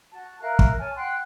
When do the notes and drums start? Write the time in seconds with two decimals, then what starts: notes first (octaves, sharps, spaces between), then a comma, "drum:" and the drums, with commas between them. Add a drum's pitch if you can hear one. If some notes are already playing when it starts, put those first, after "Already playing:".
0.11 F#4 A5
0.40 A#4 E5 F5 F#6
0.59 drum: kick
0.78 C#5 G#5 A5 F6
0.96 F#5 G5 C6 F#6